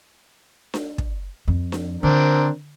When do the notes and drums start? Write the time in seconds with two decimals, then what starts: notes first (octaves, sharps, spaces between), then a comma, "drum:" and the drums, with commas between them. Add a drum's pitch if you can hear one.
0.74 drum: snare D4
0.98 drum: kick
1.48 F2
1.72 drum: snare D4
2.03 D3 C4 D4 A#4